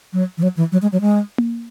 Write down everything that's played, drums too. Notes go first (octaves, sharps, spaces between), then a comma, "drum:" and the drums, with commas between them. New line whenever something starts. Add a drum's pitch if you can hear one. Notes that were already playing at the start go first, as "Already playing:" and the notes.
F#3
E3
F#3
E3
F#3
G#3
F#3
G#3
drum: tom A#3